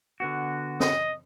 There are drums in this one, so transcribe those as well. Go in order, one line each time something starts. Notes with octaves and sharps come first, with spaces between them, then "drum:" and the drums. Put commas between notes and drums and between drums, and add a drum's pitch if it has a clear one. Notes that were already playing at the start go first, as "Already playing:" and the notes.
D3 B3 F#4
D#5, drum: snare